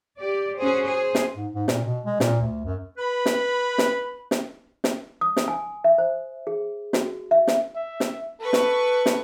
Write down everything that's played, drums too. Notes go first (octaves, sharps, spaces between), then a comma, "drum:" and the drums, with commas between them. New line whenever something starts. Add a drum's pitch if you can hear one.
G4 D5
C#4 F#4 G#4 C5
G#4 C5
drum: snare
G#2
G#2
A#2, drum: snare
B2
G#3
A#2, drum: snare
D2
F#2
B4 B5
drum: snare
drum: snare
drum: snare
drum: snare
D#6
drum: snare
G#5
E5
C5
G#4
F#4, drum: snare
E5
drum: snare
E5
drum: snare
A4 B4 C#6
drum: snare
drum: snare